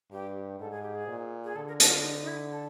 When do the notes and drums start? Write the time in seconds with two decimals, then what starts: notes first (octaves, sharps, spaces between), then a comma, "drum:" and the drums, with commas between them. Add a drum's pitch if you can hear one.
0.11 G2 G4
0.60 G#2 A4
0.71 G#4
0.83 G4
0.95 G#4
1.08 A#2
1.44 G#4
1.55 D3 A4
1.68 A#4
1.80 A4, drum: hi-hat
1.87 F#4
1.92 F4
2.03 D#4
2.22 D#4
2.27 E4
2.51 A4